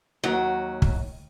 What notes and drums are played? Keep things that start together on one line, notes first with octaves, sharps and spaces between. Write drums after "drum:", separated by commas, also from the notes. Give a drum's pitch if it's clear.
D#2 F#3 F#4
drum: kick